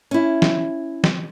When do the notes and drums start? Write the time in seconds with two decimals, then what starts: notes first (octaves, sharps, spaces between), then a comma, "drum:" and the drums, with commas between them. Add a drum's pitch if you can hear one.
0.11 C#4 E4
0.42 drum: snare
1.04 drum: snare